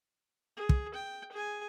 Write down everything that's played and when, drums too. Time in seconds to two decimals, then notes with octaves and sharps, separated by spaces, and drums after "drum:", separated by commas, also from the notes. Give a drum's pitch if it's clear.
0.57 G#4
0.69 drum: kick
0.94 G5
1.32 G#4 G#5